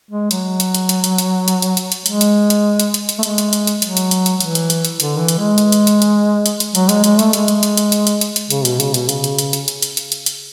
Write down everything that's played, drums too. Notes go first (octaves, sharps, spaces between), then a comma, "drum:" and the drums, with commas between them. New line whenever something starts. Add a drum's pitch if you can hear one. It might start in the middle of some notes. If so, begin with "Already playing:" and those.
G#3
F#3, drum: hi-hat
drum: hi-hat
drum: hi-hat
drum: hi-hat
drum: hi-hat
drum: hi-hat
drum: hi-hat
drum: hi-hat
drum: hi-hat
drum: hi-hat
G#3, drum: hi-hat
drum: hi-hat
drum: hi-hat
drum: hi-hat
drum: hi-hat
drum: hi-hat
A3
G#3, drum: hi-hat
drum: hi-hat
drum: hi-hat
drum: hi-hat
F#3, drum: hi-hat
drum: hi-hat
drum: hi-hat
drum: hi-hat
E3, drum: hi-hat
drum: hi-hat
drum: hi-hat
drum: hi-hat
D3, drum: hi-hat
E3
drum: hi-hat
G#3
drum: hi-hat
drum: hi-hat
drum: hi-hat
drum: hi-hat
drum: hi-hat
drum: hi-hat
F#3, drum: hi-hat
G#3, drum: hi-hat
G#3, drum: hi-hat
A3, drum: hi-hat
G#3, drum: hi-hat
drum: hi-hat
drum: hi-hat
drum: hi-hat
drum: hi-hat
drum: hi-hat
drum: hi-hat
drum: hi-hat
C#3, drum: hi-hat
B2, drum: hi-hat
C#3, drum: hi-hat
B2, drum: hi-hat
C#3, drum: hi-hat
drum: hi-hat
drum: hi-hat
drum: hi-hat
drum: hi-hat
drum: hi-hat
drum: hi-hat
drum: hi-hat
drum: hi-hat